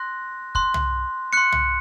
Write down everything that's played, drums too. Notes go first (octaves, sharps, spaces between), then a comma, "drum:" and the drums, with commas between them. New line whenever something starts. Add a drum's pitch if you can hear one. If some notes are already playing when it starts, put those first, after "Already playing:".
Already playing: C6 F#6 A#6
C6 F#6, drum: kick
drum: tom
C6 F#6 C#7
drum: tom